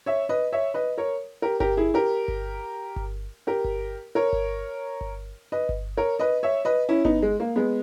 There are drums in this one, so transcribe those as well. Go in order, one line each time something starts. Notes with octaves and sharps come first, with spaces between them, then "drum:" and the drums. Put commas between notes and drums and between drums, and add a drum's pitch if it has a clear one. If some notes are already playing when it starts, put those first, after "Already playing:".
C#5 E5
B4 D#5
C#5 E5
B4 D#5
A#4 C#5
G4 A#4
G4 A#4, drum: kick G1
E4 G#4
G4 A#4
drum: kick G1
drum: kick G1
G4 A#4
drum: kick G1
A#4 C#5
drum: kick G1
drum: kick G1
B4 D#5
drum: kick G1
A#4 C#5
B4 D#5
C#5 E5
B4 D#5
C#4 E4
B3 D#4, drum: kick G1
G#3
A#3
G#3 B3